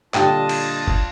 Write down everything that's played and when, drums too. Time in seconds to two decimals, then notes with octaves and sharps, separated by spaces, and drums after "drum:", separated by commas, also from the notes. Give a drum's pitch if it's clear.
0.14 A#2 D3 G3 D4 F4 D#5 G5 A5, drum: clap
0.49 drum: cymbal
0.88 drum: kick F#1